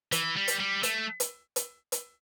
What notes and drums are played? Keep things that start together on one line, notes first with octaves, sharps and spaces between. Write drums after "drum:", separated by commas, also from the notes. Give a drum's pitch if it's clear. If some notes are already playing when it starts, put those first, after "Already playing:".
E3, drum: hi-hat
G3
drum: hi-hat
G3
A3, drum: hi-hat
drum: hi-hat
drum: hi-hat
drum: hi-hat